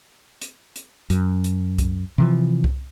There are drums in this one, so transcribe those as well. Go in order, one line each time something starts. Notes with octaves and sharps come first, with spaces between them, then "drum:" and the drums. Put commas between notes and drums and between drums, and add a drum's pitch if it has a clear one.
drum: hi-hat
drum: hi-hat
F#2, drum: hi-hat
drum: hi-hat
drum: kick C2, hi-hat
C3 E3 F3
drum: kick C2